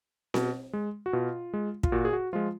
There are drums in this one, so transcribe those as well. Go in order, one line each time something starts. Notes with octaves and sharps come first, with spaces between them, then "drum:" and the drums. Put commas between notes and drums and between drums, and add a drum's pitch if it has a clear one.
B2, drum: snare C4
G#3
F#4
B2 F4
G#3
F4, drum: kick
A#2 F#4
G#4
F#4
F3 G#3 F4